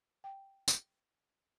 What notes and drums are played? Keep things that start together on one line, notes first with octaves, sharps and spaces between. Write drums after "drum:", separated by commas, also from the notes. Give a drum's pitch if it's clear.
G5
drum: tambourine